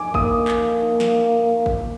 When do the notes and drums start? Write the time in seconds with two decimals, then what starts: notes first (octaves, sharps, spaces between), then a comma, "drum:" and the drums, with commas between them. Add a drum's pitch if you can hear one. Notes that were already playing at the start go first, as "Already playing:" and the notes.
Already playing: G#5 D6
0.14 A#3 D#6, drum: kick G#1
0.48 drum: clap
1.00 drum: snare
1.66 drum: kick G#1